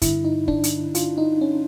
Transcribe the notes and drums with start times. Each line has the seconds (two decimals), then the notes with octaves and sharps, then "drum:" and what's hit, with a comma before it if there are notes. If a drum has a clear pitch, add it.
0.02 G2 D3 E4, drum: kick, hi-hat
0.24 D#4
0.48 D4, drum: kick
0.64 drum: hi-hat
0.95 F4, drum: hi-hat
1.18 D#4
1.41 C#4